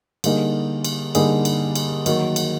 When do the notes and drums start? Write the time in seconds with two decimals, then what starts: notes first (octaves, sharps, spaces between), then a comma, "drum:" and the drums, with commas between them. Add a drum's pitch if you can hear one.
0.24 D3 G3 A#3 D#4 G#4, drum: cymbal
0.84 drum: cymbal
1.15 D3 G3 A#3 D#4 G#4, drum: cymbal
1.45 drum: cymbal
1.75 drum: cymbal
2.06 D#3 F#3 A#3, drum: cymbal
2.36 drum: cymbal